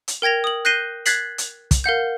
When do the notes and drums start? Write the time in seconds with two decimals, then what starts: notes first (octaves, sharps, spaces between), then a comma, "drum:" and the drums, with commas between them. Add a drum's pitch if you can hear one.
0.08 drum: hi-hat
0.22 A#4 G5 G#6 A#6 F7
0.44 D#6 F#7
0.65 F#6 G6 A#6 C7 D#7 G7
1.06 F#6 G#6 A6 B6 C7 F#7, drum: hi-hat
1.38 drum: hi-hat
1.71 drum: kick, hi-hat
1.84 A#4 F5 F#5 G6